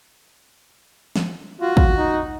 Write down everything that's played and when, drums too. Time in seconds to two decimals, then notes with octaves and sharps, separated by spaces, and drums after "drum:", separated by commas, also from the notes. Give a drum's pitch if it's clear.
1.16 drum: snare
1.61 F4 F#4
1.77 drum: kick
1.98 D#4